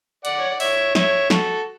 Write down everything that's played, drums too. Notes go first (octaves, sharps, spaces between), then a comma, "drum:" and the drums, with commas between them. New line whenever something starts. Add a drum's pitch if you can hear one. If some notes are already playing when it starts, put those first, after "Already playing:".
D5 F#5, drum: hi-hat
C#5
D5
C#5 E5, drum: open hi-hat
C#5 E5, drum: snare
F#4 A4, drum: snare